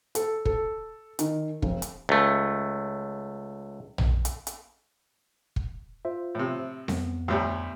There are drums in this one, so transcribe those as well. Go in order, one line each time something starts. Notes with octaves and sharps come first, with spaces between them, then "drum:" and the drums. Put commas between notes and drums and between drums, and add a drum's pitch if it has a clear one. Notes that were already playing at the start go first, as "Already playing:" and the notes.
A4, drum: hi-hat
A4, drum: kick
D#3, drum: hi-hat
F1, drum: kick
drum: hi-hat
C#2 A3
drum: tom A#1
drum: hi-hat
drum: hi-hat
drum: kick
F4 C5 E5
A2 C3
F2 B3, drum: snare C4
D2 A2 G3